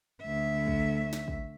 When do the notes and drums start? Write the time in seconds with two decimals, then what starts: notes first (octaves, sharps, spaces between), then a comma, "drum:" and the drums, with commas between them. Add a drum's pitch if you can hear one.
0.22 D2 E5
0.67 drum: kick
1.13 drum: snare
1.28 drum: kick